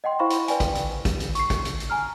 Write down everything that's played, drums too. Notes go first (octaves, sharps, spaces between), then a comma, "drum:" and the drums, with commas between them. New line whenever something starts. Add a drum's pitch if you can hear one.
D#5 F#5 G5 C6
E4 C5 F5 B5 C#6
drum: hi-hat
B4 D5 G5 G#5, drum: hi-hat
drum: kick, hi-hat
drum: hi-hat
drum: kick, hi-hat
drum: hi-hat
C#6 C7, drum: hi-hat
drum: kick, hi-hat
drum: hi-hat
drum: hi-hat
G#5 A#5 F6